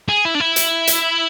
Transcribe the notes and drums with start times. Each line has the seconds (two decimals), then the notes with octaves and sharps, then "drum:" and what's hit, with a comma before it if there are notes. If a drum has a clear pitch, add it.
0.09 G#4
0.25 E4
0.35 D4
0.40 E4
0.56 drum: hi-hat
0.87 drum: hi-hat